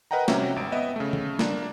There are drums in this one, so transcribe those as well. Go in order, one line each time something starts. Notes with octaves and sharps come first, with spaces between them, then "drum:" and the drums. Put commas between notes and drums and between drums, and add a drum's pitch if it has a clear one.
A#4 B4 D#5 F#5 G5 A#5
C3 C#4 F#4 G4 E5, drum: snare A3
G#1 G5 D7
B3 D#5 E5
C#3 A3
drum: tom D3
A#3 D4, drum: snare A3